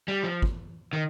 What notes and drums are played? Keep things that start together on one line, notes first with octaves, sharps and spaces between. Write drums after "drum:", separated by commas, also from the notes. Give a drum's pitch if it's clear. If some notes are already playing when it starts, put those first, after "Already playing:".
G3
F3
drum: kick
D#3